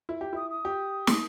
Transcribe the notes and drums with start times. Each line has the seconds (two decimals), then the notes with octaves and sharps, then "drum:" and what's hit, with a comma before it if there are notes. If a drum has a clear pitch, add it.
0.09 E4
0.21 G4
0.33 E4 D#6
0.51 D#6
0.65 G4
1.07 drum: snare